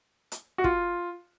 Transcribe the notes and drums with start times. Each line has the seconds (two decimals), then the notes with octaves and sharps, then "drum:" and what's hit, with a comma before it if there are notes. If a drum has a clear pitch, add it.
0.32 drum: hi-hat
0.58 F#4
0.64 F4, drum: kick